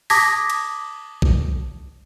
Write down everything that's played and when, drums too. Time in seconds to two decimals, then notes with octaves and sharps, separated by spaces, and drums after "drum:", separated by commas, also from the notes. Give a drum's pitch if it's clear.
0.10 A5 D6 D#6 G#6 A#6 B6, drum: open hi-hat
0.50 drum: cymbal
1.22 drum: kick A#1